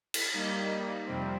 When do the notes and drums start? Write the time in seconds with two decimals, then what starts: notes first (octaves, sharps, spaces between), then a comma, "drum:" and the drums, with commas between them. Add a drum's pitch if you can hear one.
0.14 drum: cymbal
0.33 G3 A#3 D#4
1.06 F2 C3 G3 C4